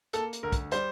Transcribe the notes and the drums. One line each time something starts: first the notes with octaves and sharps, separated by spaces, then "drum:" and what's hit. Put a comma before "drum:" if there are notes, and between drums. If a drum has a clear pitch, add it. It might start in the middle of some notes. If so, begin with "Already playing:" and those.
A#3 A4, drum: hi-hat
drum: hi-hat
D2 A#4
drum: kick, hi-hat
G3 C5, drum: hi-hat